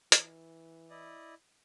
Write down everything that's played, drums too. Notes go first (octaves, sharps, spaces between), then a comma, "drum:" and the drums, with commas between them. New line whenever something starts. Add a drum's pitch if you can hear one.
E3, drum: hi-hat
E4 D5 D#5